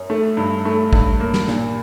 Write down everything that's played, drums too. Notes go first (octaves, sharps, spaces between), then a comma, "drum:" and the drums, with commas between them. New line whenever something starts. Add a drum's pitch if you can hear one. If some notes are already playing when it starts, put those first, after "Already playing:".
Already playing: F#2
A3
G2
A3
G2, drum: kick
A#3
drum: snare
A#2, drum: snare